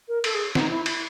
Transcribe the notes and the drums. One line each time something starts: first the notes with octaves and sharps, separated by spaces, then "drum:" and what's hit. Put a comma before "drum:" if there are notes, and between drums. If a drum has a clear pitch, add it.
A#4
A4, drum: cymbal
G#4
D#4, drum: snare
E4
E4, drum: cymbal